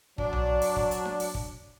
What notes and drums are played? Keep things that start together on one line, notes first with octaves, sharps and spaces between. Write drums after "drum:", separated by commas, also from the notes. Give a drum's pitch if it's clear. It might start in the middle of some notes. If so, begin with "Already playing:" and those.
F#3 D4, drum: kick
drum: tom B1
drum: open hi-hat
drum: kick
drum: hi-hat
drum: snare D4
drum: open hi-hat
drum: kick